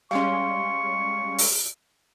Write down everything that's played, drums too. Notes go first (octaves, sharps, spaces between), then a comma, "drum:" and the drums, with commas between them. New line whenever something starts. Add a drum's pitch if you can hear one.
G3 G#3 C#4 F5 C6 C#6
drum: open hi-hat